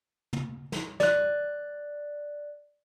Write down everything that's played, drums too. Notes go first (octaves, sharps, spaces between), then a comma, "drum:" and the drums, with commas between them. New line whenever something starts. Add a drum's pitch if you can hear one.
drum: tom
drum: snare
D5 F#6, drum: snare